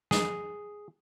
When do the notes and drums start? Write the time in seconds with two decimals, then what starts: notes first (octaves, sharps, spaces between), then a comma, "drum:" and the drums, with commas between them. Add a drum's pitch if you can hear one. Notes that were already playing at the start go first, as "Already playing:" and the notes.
0.11 G#4, drum: snare